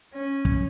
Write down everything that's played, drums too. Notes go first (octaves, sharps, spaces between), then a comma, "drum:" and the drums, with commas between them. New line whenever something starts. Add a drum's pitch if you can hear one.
C#4
drum: kick